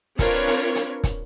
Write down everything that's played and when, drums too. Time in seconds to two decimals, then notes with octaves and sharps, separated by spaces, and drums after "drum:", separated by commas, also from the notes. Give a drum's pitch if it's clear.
0.19 C4 D4 F4 A#4 B4 C#5, drum: kick, hi-hat
0.47 drum: hi-hat
0.75 drum: hi-hat
1.04 drum: kick, hi-hat